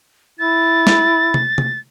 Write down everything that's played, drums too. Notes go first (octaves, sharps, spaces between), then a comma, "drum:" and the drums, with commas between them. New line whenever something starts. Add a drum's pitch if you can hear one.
E4 A6
drum: snare
drum: tom C3
drum: tom C3